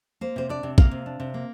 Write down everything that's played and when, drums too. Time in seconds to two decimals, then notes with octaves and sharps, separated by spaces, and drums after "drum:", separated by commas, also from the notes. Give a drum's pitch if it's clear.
0.21 A#3 C5
0.36 C3 C5
0.49 D4 D5
0.63 C3
0.78 A#3 F5, drum: kick
0.91 C3
1.06 D4
1.20 C3
1.34 A#3